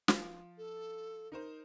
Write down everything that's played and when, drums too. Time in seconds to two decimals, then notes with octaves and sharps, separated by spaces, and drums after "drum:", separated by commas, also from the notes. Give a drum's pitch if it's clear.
0.08 F3 F4, drum: snare
0.58 A4
1.32 D#4 A#4 C5